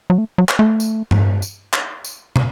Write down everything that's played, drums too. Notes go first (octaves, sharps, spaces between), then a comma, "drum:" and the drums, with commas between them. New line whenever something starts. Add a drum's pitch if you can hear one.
F#3
A3
F#3
drum: clap
A3
drum: tambourine
drum: tom G2
drum: tambourine
drum: clap
drum: tambourine
drum: tom